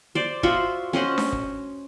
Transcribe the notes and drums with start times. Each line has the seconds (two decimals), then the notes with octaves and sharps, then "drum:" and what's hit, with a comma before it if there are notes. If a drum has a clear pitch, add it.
0.15 C5 D5
0.43 F4 F#4 C5 E5, drum: kick
0.93 C#4 C5 D#5 F#5
1.18 drum: snare D4
1.32 drum: kick